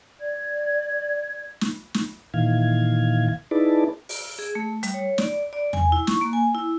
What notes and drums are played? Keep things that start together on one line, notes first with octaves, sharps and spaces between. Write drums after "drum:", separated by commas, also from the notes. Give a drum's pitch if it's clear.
D5 G#6
drum: snare
drum: snare
A#2 D#3 E3 F5 G#6
D#4 E4 G#4 B4 D5 A5
drum: open hi-hat
G#4
A3
G3, drum: hi-hat
C#5
D5, drum: snare
D5
G#5, drum: tom E2
E4
C#6, drum: snare
A#3
G#5
E4